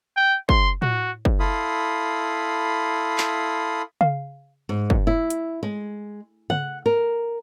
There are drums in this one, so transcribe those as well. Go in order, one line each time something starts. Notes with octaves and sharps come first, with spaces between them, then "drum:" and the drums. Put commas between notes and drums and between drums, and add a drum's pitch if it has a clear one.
G5
C6, drum: kick
F#4, drum: tom A2
drum: kick
E4 A4 F5 B5 C6 D#6
drum: clap
F5, drum: tom C#3
G#2
drum: kick
E4
drum: hi-hat
G#3
F#5, drum: tom C#3
A#4